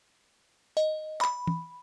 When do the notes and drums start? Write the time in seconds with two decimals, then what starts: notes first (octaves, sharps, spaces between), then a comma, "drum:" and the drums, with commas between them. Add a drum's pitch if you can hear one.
0.77 D#5, drum: hi-hat
1.21 B5, drum: clap
1.47 drum: tom